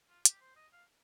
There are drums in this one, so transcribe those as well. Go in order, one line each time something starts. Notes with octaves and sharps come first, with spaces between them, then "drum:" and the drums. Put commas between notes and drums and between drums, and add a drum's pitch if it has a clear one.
F4
G4, drum: hi-hat
C5
D#5
F5